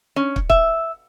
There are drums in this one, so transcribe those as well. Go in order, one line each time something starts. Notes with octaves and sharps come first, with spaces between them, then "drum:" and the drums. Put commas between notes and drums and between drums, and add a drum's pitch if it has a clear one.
C#4
drum: kick
E5, drum: kick